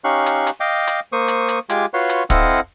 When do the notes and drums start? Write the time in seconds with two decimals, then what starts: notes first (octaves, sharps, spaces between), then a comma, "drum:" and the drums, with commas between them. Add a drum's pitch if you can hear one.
0.04 C#4 D#4 G4 F5 C#6 F#6
0.26 drum: hi-hat
0.47 drum: hi-hat
0.60 D#5 F5 G5 D6
0.87 drum: hi-hat
1.12 A#3 C5 C#6 D#6
1.28 drum: hi-hat
1.49 drum: hi-hat
1.70 G#3 F4 G4 G#5 D6, drum: hi-hat
1.94 F4 F#4 B4 C#5 C6
2.10 drum: hi-hat
2.30 C4 E4 A4 D#5 F5 F#5, drum: kick, hi-hat